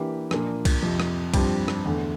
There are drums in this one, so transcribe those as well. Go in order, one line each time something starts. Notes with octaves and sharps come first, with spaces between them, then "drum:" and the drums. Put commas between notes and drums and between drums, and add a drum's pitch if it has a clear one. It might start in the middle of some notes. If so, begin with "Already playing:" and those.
Already playing: E3 A#3 D4 G4
A#2 F3 A#3 D4, drum: rim click
drum: kick B1, cymbal
F2 C3 F3
drum: rim click
G2 F3 C4 G4, drum: kick B1, cymbal
drum: rim click
E2 D3 A3